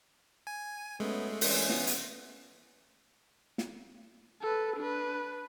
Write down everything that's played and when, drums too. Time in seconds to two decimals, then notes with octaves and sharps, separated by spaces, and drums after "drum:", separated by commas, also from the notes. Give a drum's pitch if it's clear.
0.47 G#5
1.00 F#2 G#3 A3 B3 C#4
1.41 G2 E3 C#4, drum: open hi-hat
1.70 B3, drum: snare
1.87 drum: hi-hat
3.58 drum: snare
4.42 A4 B4
4.77 D4 B4